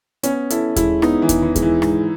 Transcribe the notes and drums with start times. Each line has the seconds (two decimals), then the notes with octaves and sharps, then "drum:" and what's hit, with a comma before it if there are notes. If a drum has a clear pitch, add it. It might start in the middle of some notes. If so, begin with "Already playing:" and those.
0.23 B3 C#4, drum: hi-hat
0.50 E4 A4, drum: hi-hat
0.76 G#3 E4, drum: kick D#2, hi-hat
1.02 B3 D#4, drum: rim click
1.22 E3
1.29 B3, drum: kick D#2, hi-hat
1.42 E3
1.56 G#3, drum: kick D#2, hi-hat
1.62 E3
1.82 G#2, drum: rim click